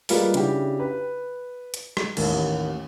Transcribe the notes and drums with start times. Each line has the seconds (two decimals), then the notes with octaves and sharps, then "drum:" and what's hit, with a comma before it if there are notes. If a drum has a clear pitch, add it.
0.09 G3 G#3 A#3 F4 B4, drum: open hi-hat
0.34 C#3 D4 E4 F#4 G4, drum: hi-hat
0.80 B4
1.74 drum: hi-hat
1.97 drum: rim click
2.17 A1 D#2 D#3, drum: cymbal